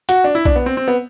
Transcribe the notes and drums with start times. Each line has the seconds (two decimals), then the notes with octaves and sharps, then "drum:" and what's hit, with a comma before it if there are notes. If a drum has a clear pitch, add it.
0.09 F#4, drum: hi-hat
0.24 D4
0.35 E4
0.45 D4, drum: kick B1
0.56 B3
0.66 C4
0.77 C4
0.88 B3